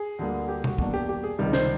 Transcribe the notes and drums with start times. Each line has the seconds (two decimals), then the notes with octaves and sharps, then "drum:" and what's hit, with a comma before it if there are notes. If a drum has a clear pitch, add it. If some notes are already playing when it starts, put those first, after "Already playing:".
Already playing: G#4
0.19 D2 D3 G3 A#3
0.48 G4
0.64 F#4, drum: tom B2
0.78 E2 B2 G3 A#3 D4 F#4, drum: kick
0.94 G4
1.09 G4
1.23 G#4
1.38 C#2 C3 D#3 G3
1.53 C5, drum: snare